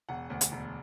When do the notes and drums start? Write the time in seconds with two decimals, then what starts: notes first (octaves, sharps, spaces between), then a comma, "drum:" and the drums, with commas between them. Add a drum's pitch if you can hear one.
0.09 E1 F#5
0.30 D2
0.41 drum: hi-hat
0.52 E1